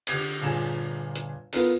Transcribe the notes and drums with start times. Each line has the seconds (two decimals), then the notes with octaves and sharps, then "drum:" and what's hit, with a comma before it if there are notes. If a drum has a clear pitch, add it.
0.07 D3 G4 G#6, drum: cymbal
0.42 G1 A#2 G#4 E7
1.16 drum: hi-hat
1.53 B3 E4 F4 A4 A#4, drum: open hi-hat